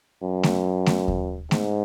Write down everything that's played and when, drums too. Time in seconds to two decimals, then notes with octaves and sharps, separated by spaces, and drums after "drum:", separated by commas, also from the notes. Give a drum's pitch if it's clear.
0.23 F#2
0.43 drum: snare A3
0.86 drum: snare A3
1.08 drum: kick D#2
1.51 G#2, drum: snare A3